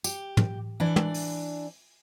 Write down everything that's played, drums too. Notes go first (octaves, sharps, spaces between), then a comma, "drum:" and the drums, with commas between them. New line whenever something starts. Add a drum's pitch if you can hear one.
G4, drum: tambourine
drum: tom
E3 D4
drum: tom
drum: open hi-hat